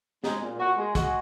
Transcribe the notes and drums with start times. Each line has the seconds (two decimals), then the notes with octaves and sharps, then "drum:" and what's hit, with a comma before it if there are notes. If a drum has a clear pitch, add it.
0.24 G#3 D#4, drum: snare
0.42 A#2
0.59 A#2 F#4
0.77 G#3
0.95 G#3 F#4, drum: kick, hi-hat